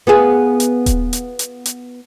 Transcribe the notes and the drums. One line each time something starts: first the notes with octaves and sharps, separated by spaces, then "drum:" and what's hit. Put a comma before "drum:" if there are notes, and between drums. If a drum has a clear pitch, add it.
B3 F4 G#4
drum: hi-hat
drum: kick D#1, hi-hat
drum: hi-hat
drum: hi-hat
drum: hi-hat